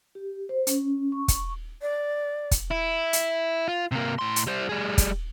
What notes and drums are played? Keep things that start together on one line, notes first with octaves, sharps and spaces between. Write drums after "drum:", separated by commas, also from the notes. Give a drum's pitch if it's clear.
G4
C5
C#4, drum: hi-hat
C#6
drum: kick, hi-hat
D5
drum: kick, hi-hat
E4
drum: hi-hat
F4
C3 A#3
A2 C6
drum: hi-hat
G3 C5
G3 G#4
drum: kick, hi-hat